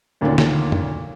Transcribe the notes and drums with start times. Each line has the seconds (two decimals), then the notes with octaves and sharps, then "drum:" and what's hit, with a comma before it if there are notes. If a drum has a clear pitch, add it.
0.21 D2 A#2 D3 D#3 C#4 D4
0.38 drum: snare
0.72 drum: tom